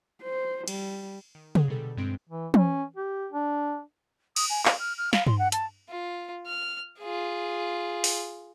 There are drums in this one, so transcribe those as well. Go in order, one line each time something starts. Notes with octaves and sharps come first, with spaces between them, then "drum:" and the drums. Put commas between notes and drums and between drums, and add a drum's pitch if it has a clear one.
C5
G3, drum: cymbal
D#3
F#3 G#4, drum: tom
B2 D3 G3 A4
G2 G#3 C4 D7
E3
C#4, drum: tom
G4
D4
D#6, drum: cymbal
G#5
F5, drum: clap
F6
F6
F5, drum: snare
C6, drum: tom G2
F#5
A5, drum: hi-hat
F4
F6
F4 G#4
drum: open hi-hat